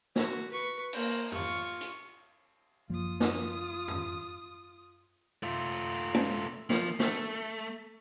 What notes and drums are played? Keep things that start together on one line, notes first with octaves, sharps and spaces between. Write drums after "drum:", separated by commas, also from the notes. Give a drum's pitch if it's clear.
F#4, drum: snare
B4 C#6
A#3 C5, drum: cymbal
F4 C#6, drum: tom F2
drum: hi-hat
F#2 F3 A#3 F4 D#6
drum: snare
drum: tom F2
A3 F4
drum: tom G#3
F3, drum: snare
A3, drum: snare